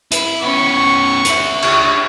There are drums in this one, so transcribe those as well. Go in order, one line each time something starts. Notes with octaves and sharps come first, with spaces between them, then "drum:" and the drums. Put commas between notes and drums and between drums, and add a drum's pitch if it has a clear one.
E4, drum: hi-hat
B3 C#4 C#6
D4 E5, drum: hi-hat
C#6, drum: cymbal